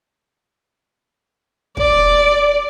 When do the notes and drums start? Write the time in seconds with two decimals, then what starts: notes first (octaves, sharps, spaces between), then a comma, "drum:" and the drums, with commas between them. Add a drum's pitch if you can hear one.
1.77 D5, drum: kick